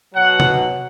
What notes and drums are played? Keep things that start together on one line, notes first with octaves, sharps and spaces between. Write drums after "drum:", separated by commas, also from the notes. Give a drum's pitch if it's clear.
B2 F#3 F#5
drum: tom